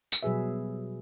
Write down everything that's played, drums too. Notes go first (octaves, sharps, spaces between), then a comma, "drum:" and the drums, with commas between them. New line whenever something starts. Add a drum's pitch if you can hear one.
drum: tambourine
B2 F#3 G3 G#4 B4 E5